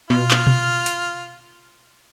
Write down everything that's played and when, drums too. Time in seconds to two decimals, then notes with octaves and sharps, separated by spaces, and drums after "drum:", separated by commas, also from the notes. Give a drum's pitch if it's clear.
0.10 B2 F4 F6
0.31 drum: clap
0.47 drum: tom B2
0.86 drum: hi-hat